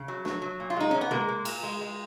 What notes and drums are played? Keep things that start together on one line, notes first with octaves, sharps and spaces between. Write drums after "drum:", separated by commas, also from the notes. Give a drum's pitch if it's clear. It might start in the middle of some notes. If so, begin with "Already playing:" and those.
Already playing: C#3
F#3
F#3, drum: snare
F#3
A#2
F4
G#3 D#4
A#2 C#4
B3
G#3 A#3, drum: tom A#2
G#3
A#2, drum: cymbal
G#3
G#3